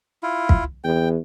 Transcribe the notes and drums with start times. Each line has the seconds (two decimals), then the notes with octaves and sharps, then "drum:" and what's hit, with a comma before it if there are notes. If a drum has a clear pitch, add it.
0.23 E4 F4
0.49 drum: kick
0.84 E2 G5